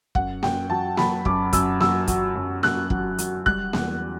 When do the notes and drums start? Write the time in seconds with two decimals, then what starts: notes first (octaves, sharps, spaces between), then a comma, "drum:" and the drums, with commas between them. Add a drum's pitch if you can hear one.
0.15 F#2 F#5, drum: kick
0.43 F#2 G5, drum: snare A#3
0.70 F#3 A5
0.97 F#3 B5, drum: snare A#3
1.25 F#2 D6, drum: kick
1.53 F#2 E6, drum: kick, hi-hat
1.80 F#3 E6, drum: snare A#3
2.07 F#3, drum: kick, hi-hat
2.35 F#2
2.63 F#2 F#6, drum: snare A#3
2.90 F#3, drum: kick
3.18 F#3, drum: hi-hat
3.46 G3 F#6, drum: kick
3.73 E2, drum: snare A#3